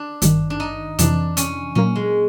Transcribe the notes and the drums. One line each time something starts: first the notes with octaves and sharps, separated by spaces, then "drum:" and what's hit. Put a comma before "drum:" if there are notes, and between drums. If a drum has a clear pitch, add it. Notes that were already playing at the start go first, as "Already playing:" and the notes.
Already playing: D4
G#1 G2 D#3, drum: hi-hat
D4
D#4
F2 C3 E3 D4, drum: hi-hat
C#4, drum: hi-hat
A#2 F#3 A#3 C#4
G#3